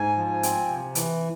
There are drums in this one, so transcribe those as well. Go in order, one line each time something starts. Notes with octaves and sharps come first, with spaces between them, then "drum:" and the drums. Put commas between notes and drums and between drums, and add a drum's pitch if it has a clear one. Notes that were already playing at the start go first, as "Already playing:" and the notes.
Already playing: G#2 G#5
F3
C4, drum: hi-hat
C3
E3, drum: hi-hat